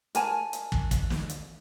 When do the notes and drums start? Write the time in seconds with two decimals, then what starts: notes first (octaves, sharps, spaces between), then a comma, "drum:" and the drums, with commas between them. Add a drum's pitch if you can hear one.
0.15 A#4 G#5 A5, drum: hi-hat
0.53 drum: hi-hat
0.72 drum: kick
0.91 drum: kick, hi-hat
1.10 drum: snare
1.29 drum: hi-hat